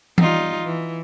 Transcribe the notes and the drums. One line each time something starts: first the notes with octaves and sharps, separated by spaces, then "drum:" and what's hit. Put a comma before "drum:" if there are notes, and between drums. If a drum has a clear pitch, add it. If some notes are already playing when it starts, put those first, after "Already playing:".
G3 D#4 F4, drum: tom E3
E3